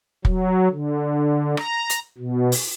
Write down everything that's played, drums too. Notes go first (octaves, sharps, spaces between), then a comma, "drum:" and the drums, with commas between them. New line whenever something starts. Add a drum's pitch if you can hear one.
F#3, drum: kick
D3
A#5, drum: rim click
drum: hi-hat
B2
drum: open hi-hat